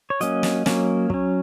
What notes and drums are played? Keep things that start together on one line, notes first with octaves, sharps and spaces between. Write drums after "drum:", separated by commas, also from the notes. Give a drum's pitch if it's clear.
C#5
F#3 A#3 C#4 D#5, drum: hi-hat
drum: snare
F#3 A#3 C#4, drum: snare
F#3 C#4, drum: kick